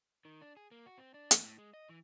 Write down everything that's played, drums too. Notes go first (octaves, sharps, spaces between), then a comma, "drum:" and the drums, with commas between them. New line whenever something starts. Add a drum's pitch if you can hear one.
D#3
D4
G#4
A#3
F#4
C4
D4
E2, drum: hi-hat
A2
G#3
D#5
E3